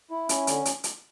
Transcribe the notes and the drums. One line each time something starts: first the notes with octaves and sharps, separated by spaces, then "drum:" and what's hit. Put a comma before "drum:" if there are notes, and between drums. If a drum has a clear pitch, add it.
E4
C#4, drum: hi-hat
D3, drum: hi-hat
drum: hi-hat
drum: hi-hat